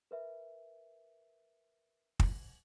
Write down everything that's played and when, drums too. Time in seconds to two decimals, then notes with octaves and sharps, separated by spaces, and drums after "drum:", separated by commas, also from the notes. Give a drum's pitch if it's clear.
0.11 A#4 B4 E5
2.20 drum: kick